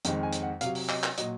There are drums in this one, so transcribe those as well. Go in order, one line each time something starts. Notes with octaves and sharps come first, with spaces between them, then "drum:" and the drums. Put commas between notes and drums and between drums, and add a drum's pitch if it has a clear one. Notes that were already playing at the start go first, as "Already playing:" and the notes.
F2 D#3 G#3, drum: hi-hat
G#5
drum: hi-hat
F#5
C3 F#3 F5, drum: hi-hat
drum: open hi-hat
D#5, drum: clap
drum: clap
A#2 F#3 D#5, drum: hi-hat